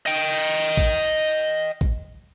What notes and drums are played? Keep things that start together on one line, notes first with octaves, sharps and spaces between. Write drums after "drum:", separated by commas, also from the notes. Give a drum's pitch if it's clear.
D#5 G5
drum: kick
drum: kick